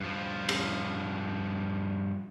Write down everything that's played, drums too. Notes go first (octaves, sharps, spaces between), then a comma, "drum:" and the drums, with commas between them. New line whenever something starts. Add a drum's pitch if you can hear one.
G2 F3
drum: cymbal